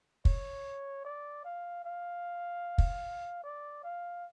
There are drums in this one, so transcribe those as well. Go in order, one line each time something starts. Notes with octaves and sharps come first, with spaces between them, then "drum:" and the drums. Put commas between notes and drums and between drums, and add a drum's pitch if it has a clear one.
C#5, drum: kick
D5
F5
F5
drum: kick
D5
F5